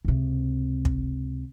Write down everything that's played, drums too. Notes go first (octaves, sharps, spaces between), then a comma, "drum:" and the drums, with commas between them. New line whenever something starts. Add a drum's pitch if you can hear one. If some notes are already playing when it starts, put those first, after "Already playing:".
C#2 C3
drum: kick